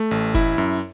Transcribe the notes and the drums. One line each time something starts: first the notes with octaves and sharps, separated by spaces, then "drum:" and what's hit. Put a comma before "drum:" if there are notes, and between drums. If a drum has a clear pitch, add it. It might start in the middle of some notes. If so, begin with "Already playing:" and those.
Already playing: A3
A1
E4, drum: kick F1, hi-hat
F#2